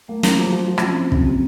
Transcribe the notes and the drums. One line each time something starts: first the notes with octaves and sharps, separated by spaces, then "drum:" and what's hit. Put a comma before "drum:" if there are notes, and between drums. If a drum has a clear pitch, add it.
A3 A#3
F#3 A#3, drum: snare
F3
F3
F3
C#4, drum: rim click
F3 C4
F3 A#3
C3 C#4, drum: kick
A#3
C3 C4